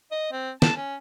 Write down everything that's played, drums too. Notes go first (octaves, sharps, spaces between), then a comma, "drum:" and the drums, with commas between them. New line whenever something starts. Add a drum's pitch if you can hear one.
D#5
C4
A5, drum: snare
C#4